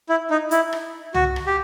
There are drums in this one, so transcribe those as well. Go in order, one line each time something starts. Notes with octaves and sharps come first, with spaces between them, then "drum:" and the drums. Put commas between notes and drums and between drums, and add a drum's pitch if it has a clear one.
E4
D#4
E4, drum: hi-hat
drum: rim click
F#4, drum: tom
drum: rim click
G4